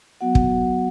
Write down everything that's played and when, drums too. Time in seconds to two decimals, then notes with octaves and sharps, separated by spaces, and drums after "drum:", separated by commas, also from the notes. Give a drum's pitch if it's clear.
0.21 F#3 B3 F#4 F#5
0.35 drum: kick